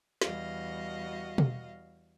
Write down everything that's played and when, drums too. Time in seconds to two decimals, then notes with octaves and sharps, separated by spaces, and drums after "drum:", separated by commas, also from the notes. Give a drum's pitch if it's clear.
0.22 E2 G3 F#4 D#5 F5, drum: snare
1.38 drum: tom B2